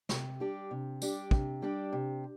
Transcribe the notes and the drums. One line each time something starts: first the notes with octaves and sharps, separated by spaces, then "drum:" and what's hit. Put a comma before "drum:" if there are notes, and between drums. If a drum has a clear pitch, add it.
C3, drum: snare
G3 D4 G4
C3
G3 D4 G4, drum: tambourine
C3, drum: kick
G3 D4 G4
C3